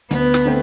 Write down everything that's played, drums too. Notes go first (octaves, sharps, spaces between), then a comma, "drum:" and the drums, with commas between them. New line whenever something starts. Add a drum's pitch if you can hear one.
D2 B3, drum: hi-hat
drum: snare
D3 A3 C4